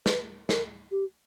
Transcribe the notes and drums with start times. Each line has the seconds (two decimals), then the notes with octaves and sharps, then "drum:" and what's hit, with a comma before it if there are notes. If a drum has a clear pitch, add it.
0.06 B4, drum: snare
0.49 A#4, drum: snare
0.91 G4